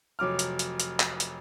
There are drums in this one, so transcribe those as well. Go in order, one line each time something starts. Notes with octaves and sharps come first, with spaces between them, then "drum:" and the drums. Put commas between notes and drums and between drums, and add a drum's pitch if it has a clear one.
F1 F#3 D6 F6
drum: hi-hat
drum: hi-hat
drum: hi-hat
drum: clap
drum: hi-hat